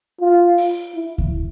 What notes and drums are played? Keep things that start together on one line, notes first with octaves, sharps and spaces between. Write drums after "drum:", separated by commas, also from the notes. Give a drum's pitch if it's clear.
F4
drum: open hi-hat
E4
drum: kick D2